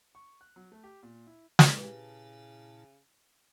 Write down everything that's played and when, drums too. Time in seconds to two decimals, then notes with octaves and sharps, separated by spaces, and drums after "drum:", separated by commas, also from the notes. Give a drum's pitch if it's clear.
0.15 C#6
0.41 F#6
0.56 F#3
0.72 A3
0.84 G4
1.03 A#2
1.27 E4
1.59 drum: snare
1.78 A#2 C#3 E4 G4 B4 A5